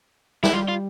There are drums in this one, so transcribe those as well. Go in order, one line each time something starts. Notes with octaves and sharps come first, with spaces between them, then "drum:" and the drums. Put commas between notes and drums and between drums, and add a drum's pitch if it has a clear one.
E4, drum: snare
G3 F4
F4